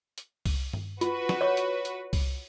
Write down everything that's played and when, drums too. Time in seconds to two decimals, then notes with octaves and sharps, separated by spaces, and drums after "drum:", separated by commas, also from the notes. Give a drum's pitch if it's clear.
0.18 drum: hi-hat
0.46 drum: kick C2, open hi-hat
0.73 drum: tom G2
1.01 F4 F#4 B4, drum: hi-hat
1.29 drum: snare
1.41 C#5 C#6
1.57 drum: hi-hat
1.85 drum: hi-hat
2.13 drum: kick C2, open hi-hat